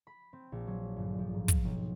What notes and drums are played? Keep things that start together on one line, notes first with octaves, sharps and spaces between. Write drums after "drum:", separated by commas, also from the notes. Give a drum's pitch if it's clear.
B5
C4
A#1
F#3
G1
F3
G#2
drum: kick, hi-hat
B1